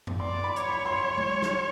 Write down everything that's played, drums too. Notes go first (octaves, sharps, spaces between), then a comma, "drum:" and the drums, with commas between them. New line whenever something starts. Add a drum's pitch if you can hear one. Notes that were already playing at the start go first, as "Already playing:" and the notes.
drum: tom F#2
D5 C6
B5
C#5, drum: hi-hat
B5
C6
C#6
drum: tom G#3
drum: snare